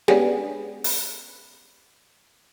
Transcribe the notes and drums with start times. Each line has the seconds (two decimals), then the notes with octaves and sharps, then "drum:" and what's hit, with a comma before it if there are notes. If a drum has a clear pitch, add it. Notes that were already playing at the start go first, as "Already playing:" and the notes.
0.08 G#3 B3 C#4 D4 G4 G#4, drum: snare
0.84 drum: open hi-hat